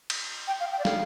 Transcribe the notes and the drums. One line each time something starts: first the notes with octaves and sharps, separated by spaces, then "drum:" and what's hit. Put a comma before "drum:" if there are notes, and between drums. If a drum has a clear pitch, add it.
drum: cymbal
G5
F5
G5
D5
F5, drum: snare